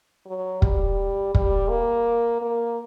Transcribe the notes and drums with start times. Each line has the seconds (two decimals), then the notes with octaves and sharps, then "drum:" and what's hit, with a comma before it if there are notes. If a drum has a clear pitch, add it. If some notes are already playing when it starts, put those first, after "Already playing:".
0.26 F#3
0.62 G3, drum: kick
1.35 G3, drum: kick
1.70 A#3
2.42 A#3